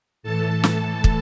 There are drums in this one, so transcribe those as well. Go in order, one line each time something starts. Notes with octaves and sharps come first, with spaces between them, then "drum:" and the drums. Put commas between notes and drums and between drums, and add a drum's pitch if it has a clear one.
A2 E3 A4 A5
drum: snare
drum: kick